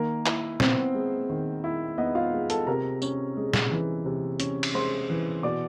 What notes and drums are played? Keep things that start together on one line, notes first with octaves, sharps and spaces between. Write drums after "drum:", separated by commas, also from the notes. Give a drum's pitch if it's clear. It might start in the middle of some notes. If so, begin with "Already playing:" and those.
Already playing: D#3 A#3 A#4
E4, drum: clap
B3 C4 C5, drum: snare
G#3
D#3
E4
B3 D#4 D#5
F4 F5
G#3
A4 A5, drum: hi-hat
C3 A#4 A#5
C#4, drum: tambourine
G#3
drum: snare
E3
C3
C#4, drum: hi-hat
drum: cymbal
G#3 C5 C6
E3
B2 D5 D6